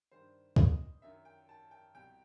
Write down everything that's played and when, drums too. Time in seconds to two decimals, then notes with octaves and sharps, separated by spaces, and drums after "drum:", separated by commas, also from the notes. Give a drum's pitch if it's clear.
0.12 G2 D#3 C5
0.56 D#5, drum: kick
1.02 F#2 D#3 E5
1.25 G5
1.49 A5
1.71 G5
1.94 C2 B2 G5